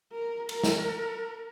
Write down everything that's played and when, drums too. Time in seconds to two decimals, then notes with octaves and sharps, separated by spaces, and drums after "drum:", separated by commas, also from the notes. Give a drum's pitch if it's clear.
0.12 A#4
0.49 A#4, drum: cymbal
0.64 drum: snare